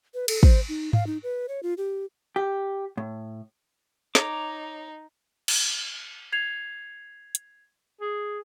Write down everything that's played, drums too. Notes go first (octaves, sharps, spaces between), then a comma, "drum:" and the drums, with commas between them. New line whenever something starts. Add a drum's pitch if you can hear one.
B4
A4, drum: cymbal
C5, drum: kick
D#4
F5, drum: tom G#2
D#4
B4
C#5
F4
G4
G4
A2
D#4 C#5 A#5 D6, drum: snare
drum: cymbal
G#6 C7 F7
drum: hi-hat
G#4